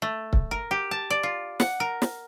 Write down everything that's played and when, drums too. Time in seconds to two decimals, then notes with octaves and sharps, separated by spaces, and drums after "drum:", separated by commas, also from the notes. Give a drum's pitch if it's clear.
0.02 A3
0.33 drum: kick C#1
0.51 A#4
0.71 G4
0.91 A5
1.10 D5
1.23 F4
1.60 F#5, drum: snare
1.80 A#4
2.02 drum: snare